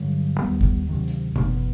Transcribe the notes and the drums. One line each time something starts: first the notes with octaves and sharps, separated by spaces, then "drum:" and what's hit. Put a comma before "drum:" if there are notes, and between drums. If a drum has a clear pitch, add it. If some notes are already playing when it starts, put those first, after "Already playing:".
Already playing: G2 D3 F#3
D#2 D#3 G3 B3
drum: kick
D2 C3 D#3 F#3
drum: hi-hat
F#1 E2 B2, drum: tom